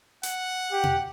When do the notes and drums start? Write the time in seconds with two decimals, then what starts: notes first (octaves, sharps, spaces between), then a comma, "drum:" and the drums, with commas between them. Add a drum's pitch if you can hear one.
0.23 F#5, drum: hi-hat
0.72 G4
0.84 drum: tom B2